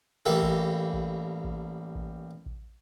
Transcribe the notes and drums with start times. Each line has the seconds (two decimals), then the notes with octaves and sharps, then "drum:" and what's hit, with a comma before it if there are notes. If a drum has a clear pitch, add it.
0.26 A1 G3 A#3 A4
0.43 drum: kick A1
0.93 drum: kick A1
1.44 drum: kick A1
1.95 drum: kick A1
2.46 drum: kick A1